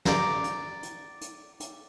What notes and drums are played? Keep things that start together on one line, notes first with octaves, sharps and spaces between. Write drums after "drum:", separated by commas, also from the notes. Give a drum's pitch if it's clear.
D5 A#5, drum: snare
drum: hi-hat
drum: hi-hat
drum: hi-hat
drum: hi-hat